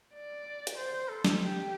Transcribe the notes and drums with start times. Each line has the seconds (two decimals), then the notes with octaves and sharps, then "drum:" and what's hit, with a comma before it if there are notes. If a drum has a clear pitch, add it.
0.15 D5
0.67 drum: hi-hat
0.78 C5
1.10 A4
1.25 drum: snare
1.42 G4